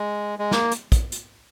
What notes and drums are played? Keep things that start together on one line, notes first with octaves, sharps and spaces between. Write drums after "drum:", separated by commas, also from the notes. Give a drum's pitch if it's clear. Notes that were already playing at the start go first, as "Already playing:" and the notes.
Already playing: G#3
G#3
A#3, drum: snare
drum: hi-hat
drum: kick, hi-hat
drum: hi-hat